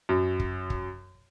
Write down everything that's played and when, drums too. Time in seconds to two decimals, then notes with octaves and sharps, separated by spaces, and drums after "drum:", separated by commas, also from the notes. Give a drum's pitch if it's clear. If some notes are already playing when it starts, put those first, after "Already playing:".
0.09 F#2
0.40 drum: kick
0.70 drum: kick